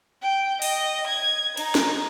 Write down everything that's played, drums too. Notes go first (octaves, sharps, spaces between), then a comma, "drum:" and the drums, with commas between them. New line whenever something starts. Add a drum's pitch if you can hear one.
G5
D#5, drum: open hi-hat
G#6
D#4, drum: cymbal
drum: snare